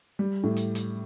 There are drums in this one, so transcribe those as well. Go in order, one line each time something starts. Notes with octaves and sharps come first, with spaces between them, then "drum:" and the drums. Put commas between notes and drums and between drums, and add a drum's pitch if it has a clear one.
G3
A2
drum: hi-hat
drum: hi-hat